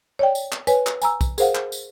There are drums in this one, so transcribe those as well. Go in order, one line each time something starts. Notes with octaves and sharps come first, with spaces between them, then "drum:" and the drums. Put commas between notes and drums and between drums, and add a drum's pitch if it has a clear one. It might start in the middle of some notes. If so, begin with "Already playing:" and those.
C#5 D5 G5
drum: tambourine
drum: clap
B4 C#5 G#5, drum: tambourine
drum: clap
G#5 A#5 E6, drum: tambourine
drum: kick B1, tambourine
G#4 A#4 C5 F5 F#5, drum: tambourine
drum: clap
drum: tambourine